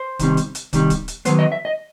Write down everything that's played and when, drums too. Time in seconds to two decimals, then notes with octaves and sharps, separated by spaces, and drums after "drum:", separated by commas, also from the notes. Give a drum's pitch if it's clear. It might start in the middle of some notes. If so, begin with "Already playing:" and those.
Already playing: C5
0.19 C3 D#3 G3 C4, drum: kick, hi-hat
0.37 drum: hi-hat
0.55 drum: hi-hat
0.73 C3 D#3 G3 C4, drum: kick, hi-hat
0.90 drum: kick, hi-hat
1.08 drum: hi-hat
1.25 D#3 F#3 B3 C5, drum: hi-hat
1.39 D#5
1.52 E5
1.65 D#5